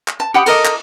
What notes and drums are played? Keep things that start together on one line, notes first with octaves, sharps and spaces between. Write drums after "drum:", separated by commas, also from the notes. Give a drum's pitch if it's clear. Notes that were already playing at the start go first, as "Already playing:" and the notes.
drum: clap
A5
G4 F#5 B5 D#6
A4 A#4 D#5 D6, drum: cymbal
drum: clap